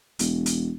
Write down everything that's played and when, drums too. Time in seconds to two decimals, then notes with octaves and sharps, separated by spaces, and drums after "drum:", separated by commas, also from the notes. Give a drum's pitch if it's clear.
0.19 E1, drum: hi-hat
0.46 drum: hi-hat